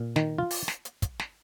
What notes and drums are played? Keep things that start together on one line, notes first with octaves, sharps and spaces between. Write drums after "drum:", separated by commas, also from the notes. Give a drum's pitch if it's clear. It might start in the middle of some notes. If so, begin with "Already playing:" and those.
Already playing: A#2
D#3, drum: snare
F4
drum: open hi-hat
drum: snare
drum: hi-hat
drum: kick, hi-hat
drum: snare